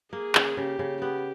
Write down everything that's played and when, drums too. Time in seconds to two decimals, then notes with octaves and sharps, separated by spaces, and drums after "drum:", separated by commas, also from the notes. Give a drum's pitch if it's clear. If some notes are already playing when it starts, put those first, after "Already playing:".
0.13 A#3 G#4
0.35 C#3, drum: clap
0.57 C#3 G4
0.79 C#3
1.02 B3 G4